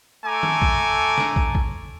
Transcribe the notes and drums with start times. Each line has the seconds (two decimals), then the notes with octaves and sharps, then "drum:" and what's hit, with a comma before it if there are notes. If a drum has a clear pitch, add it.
0.24 A3 A4 G#5 A#5 D6
0.43 drum: tom D#3
0.62 drum: kick
1.18 drum: snare
1.36 drum: kick
1.55 drum: kick